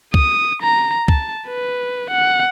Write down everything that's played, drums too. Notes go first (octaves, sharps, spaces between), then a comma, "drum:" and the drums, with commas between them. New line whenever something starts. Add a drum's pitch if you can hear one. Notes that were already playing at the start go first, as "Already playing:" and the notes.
D#6, drum: kick
A#5
A5, drum: kick
B4
F#5